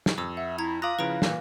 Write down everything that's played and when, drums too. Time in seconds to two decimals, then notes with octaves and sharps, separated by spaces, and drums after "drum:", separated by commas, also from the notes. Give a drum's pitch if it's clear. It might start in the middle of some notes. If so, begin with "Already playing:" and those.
0.06 drum: snare
0.18 F2 D6 E6
0.37 E5 F#5
0.58 E4 A#5 G#6
0.82 F4 F5 A#5 D6 D#6 F#6 A#6
0.99 C#3 F3 E4 B4 A#5 D7
1.22 A#2 E3, drum: snare